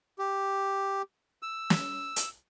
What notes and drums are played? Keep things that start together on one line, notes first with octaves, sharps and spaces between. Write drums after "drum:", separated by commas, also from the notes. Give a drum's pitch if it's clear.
G4
E6
drum: snare
drum: hi-hat